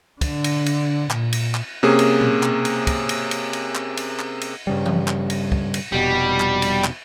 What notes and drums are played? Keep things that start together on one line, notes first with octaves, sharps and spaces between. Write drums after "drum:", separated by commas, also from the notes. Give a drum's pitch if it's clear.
D3, drum: kick, cymbal
drum: cymbal
drum: cymbal
A#2, drum: clap
drum: cymbal
drum: clap
C3 A#3 C#4 G#4
drum: cymbal
drum: tom A#2
drum: clap
drum: cymbal
drum: kick, cymbal
drum: cymbal
drum: cymbal
drum: cymbal
drum: clap
drum: cymbal
drum: clap
drum: cymbal
G2 C#3 G3
drum: tom E3
drum: clap
drum: cymbal
drum: kick
drum: cymbal
F1 B2 G3
drum: clap
drum: cymbal
drum: clap